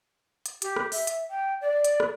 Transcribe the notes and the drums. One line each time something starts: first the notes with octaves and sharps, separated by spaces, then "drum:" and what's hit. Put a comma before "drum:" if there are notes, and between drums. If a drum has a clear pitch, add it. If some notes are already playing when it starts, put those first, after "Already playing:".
drum: hi-hat
G4, drum: hi-hat
drum: rim click
E5, drum: open hi-hat
drum: hi-hat
G5
D5
drum: hi-hat
drum: rim click